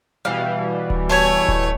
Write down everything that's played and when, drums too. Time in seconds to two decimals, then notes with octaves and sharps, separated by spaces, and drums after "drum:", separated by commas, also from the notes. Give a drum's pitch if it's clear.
0.25 B2 E3 G3 F5
0.90 drum: kick D1
1.09 A3 C#5 G#5
1.48 drum: kick D1